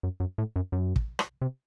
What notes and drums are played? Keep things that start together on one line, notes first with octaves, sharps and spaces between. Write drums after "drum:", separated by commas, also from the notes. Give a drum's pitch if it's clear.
F#2
F#2
A2
F#2
F#2
drum: kick
drum: rim click
C3